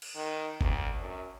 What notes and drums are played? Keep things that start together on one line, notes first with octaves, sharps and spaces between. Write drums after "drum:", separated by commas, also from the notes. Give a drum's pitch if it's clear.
drum: cymbal
D#3
D2, drum: kick G1
F#2